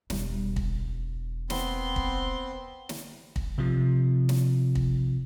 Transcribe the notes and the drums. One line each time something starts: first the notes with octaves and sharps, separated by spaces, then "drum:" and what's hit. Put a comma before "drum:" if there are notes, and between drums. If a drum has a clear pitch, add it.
E1 G3, drum: snare
drum: kick
B3 C4 C6, drum: snare
drum: kick
drum: snare
drum: kick
C3 F3
drum: snare
drum: kick